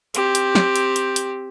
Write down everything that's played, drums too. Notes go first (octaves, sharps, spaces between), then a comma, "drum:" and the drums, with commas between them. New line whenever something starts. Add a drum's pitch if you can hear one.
C4 G4, drum: hi-hat
drum: hi-hat
drum: snare
drum: hi-hat
drum: hi-hat
drum: hi-hat